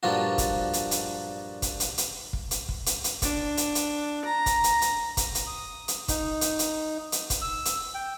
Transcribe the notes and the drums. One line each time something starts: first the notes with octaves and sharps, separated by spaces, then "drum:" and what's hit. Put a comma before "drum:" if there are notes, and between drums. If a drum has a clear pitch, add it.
G2 A#2 F3 D4 F4 F#4
drum: kick, hi-hat
drum: hi-hat
drum: hi-hat
drum: kick, hi-hat
drum: hi-hat
drum: hi-hat
drum: kick
drum: hi-hat
drum: kick
drum: hi-hat
drum: hi-hat
D4, drum: kick, hi-hat
drum: hi-hat
drum: hi-hat
A#5
drum: kick, hi-hat
drum: hi-hat
drum: hi-hat
drum: kick, hi-hat
drum: hi-hat
D#6
drum: hi-hat
D#4, drum: kick, hi-hat
drum: hi-hat
drum: hi-hat
drum: hi-hat
drum: kick, hi-hat
E6
drum: hi-hat
G5